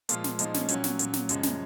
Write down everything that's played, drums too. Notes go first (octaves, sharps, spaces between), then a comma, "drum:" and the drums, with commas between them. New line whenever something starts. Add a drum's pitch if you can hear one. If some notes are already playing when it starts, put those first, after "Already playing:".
A#2 F3 G#3 F4, drum: hi-hat
drum: snare
A#2 F3 G#3 D#4, drum: hi-hat
C#4, drum: snare
A#2 F#3 C#4, drum: hi-hat
drum: snare
A#2 F#3, drum: hi-hat
drum: snare
F#2 C#3 F3 G#3, drum: hi-hat
drum: snare